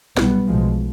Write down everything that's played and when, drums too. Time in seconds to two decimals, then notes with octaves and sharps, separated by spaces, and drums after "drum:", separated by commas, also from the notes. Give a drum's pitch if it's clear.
0.17 B1 B2 G3 B3, drum: snare D#4
0.47 B1 B2 F3 G#3